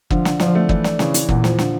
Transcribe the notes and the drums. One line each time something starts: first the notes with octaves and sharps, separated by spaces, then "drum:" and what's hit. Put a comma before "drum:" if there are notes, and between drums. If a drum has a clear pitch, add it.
D3 F3, drum: kick
D3, drum: snare
F3 D4, drum: snare
A3
E3 D4, drum: kick
D4, drum: snare
C#3 E3, drum: snare
E3, drum: hi-hat
E2 A#2, drum: kick
F3, drum: snare
D3, drum: snare